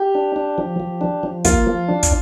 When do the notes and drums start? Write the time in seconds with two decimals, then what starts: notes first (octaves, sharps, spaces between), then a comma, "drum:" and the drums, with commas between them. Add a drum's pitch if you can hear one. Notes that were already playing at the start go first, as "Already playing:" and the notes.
Already playing: G4
0.15 D4
0.36 D4
0.58 F3
0.80 F3
1.01 D4
1.23 F3
1.45 A#3 F4, drum: kick, hi-hat
1.67 F3
1.88 D4
2.03 drum: kick, hi-hat